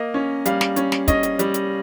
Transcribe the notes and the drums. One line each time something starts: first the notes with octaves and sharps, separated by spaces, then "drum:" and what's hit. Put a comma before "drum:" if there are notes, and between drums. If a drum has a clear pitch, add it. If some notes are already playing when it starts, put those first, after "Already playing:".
Already playing: A#3 D#5
C#4
G3 F5, drum: hi-hat
drum: snare
C#4, drum: hi-hat
drum: snare
C#4 D#5, drum: kick, hi-hat
drum: hi-hat
G3, drum: hi-hat
drum: hi-hat